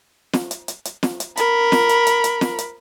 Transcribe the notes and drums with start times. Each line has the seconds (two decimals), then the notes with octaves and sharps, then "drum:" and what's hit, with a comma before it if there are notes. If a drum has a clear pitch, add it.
0.33 drum: snare
0.51 drum: hi-hat
0.68 drum: hi-hat
0.85 drum: hi-hat
1.03 drum: snare
1.20 drum: hi-hat
1.37 A#4 B5, drum: hi-hat
1.72 drum: snare
1.89 drum: hi-hat
2.07 drum: hi-hat
2.24 drum: hi-hat
2.41 drum: snare
2.58 drum: hi-hat